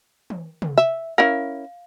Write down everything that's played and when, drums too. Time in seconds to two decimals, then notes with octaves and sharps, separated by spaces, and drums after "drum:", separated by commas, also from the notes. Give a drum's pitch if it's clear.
0.30 drum: tom
0.62 drum: tom
0.78 E5
1.18 C#4 E4 A#4 F5